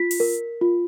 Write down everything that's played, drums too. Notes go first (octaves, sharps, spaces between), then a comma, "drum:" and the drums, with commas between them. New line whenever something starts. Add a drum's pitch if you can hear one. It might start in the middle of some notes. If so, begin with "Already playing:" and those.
Already playing: F4 B6
drum: open hi-hat
A#4
F4